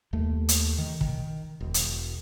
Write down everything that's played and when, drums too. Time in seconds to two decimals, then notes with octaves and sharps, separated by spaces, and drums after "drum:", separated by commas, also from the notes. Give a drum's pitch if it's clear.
0.13 D#2 A3
0.49 drum: hi-hat
0.78 D#3
1.01 D#3, drum: kick
1.61 E1
1.74 drum: hi-hat